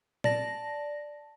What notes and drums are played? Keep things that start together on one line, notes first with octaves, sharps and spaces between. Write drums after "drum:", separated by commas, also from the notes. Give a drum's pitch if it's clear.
D5 A5 A#6, drum: tom A#2